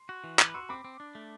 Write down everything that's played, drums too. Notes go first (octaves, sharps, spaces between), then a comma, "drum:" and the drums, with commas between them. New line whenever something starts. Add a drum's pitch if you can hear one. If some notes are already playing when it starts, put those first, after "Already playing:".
Already playing: C6
F#4
E3
B4 B5 D6, drum: clap
F#4 C6 E6
C4 B5 D6
C4
D4
A3